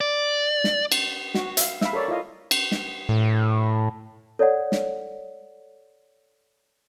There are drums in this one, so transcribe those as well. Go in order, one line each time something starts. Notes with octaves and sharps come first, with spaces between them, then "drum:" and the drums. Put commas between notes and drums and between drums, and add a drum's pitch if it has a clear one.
D5
drum: snare
drum: cymbal
F#4, drum: snare
E5 F5, drum: hi-hat
E5 F5 B5, drum: snare
A4 A#4 C#5 D5
E4 F4 D#5 F5
drum: cymbal
drum: snare
A2
A4 C#5 D5 F#5
drum: snare